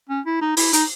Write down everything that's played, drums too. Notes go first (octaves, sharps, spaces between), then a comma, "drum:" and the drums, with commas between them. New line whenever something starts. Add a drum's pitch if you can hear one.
C#4
E4
D#4
E4, drum: open hi-hat
D#4, drum: hi-hat